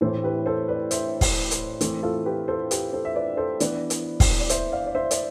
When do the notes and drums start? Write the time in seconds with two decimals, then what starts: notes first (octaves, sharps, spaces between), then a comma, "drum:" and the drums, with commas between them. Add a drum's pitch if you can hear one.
0.01 A2 E3 A3 C4 A4 C5
0.23 G4 B4
0.46 A4 C5
0.68 B4 D5
0.91 C5 E5, drum: hi-hat
1.21 drum: kick, open hi-hat
1.51 drum: hi-hat
1.81 E3 A3 C4, drum: hi-hat
2.03 F4 A4
2.25 G4 B4
2.48 A4 C5
2.71 G4 B4, drum: hi-hat
2.93 A4 C5
3.05 E5
3.15 B4 D5
3.37 A4 C5
3.60 E3 B3 D4 B4 D5, drum: hi-hat
3.90 drum: hi-hat
4.20 drum: kick, open hi-hat
4.40 D5
4.50 C5 E5, drum: hi-hat
4.72 D5 F5
4.87 D5
4.95 C5 E5
5.11 D5, drum: hi-hat